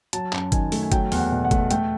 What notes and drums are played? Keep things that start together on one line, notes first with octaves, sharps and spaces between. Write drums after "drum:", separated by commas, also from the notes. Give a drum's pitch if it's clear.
F#3 A5, drum: hi-hat
F#2, drum: clap
D#3 G#5, drum: kick G1, hi-hat
A3, drum: open hi-hat
G#5
F#3 G5, drum: kick G1, hi-hat
E2, drum: open hi-hat
F#5
B2
F#5
A3, drum: kick G1, hi-hat
A3 G5, drum: hi-hat